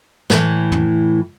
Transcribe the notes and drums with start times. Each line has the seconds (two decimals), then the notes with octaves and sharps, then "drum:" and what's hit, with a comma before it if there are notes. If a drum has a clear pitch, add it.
0.30 A2 E3, drum: snare
0.72 drum: tom